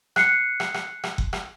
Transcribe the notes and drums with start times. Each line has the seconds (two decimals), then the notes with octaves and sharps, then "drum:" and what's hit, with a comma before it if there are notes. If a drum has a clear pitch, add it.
0.16 F#6 C7 C#7, drum: rim click
0.60 drum: rim click
0.74 drum: rim click
1.04 drum: rim click
1.18 drum: kick F#1
1.33 drum: rim click